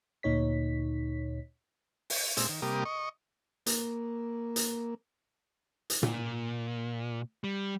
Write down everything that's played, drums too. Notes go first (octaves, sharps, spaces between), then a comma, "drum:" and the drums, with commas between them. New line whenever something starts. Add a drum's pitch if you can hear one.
D2 A#2 D#4 C#5 B6
drum: open hi-hat
A#2 G#3 C4 E6, drum: hi-hat
D#3
C3 G3 A#3 G4 A#4 D#6
D#5 C#6
A#3, drum: hi-hat
drum: hi-hat
drum: hi-hat
A#2, drum: tom
G3